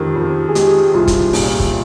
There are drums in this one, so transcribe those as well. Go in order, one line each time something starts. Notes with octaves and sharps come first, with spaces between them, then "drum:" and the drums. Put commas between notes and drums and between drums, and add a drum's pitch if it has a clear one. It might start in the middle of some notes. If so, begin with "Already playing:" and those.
Already playing: F2 D#3 G#3 F4 G4
F2
G#4
G#3 G4, drum: hi-hat
C2 F4
drum: kick, hi-hat
A#2, drum: open hi-hat
drum: kick